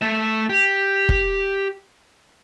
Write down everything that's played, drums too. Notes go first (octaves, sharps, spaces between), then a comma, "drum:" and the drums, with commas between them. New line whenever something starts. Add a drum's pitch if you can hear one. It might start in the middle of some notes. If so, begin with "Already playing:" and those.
A3 E5
G4
drum: kick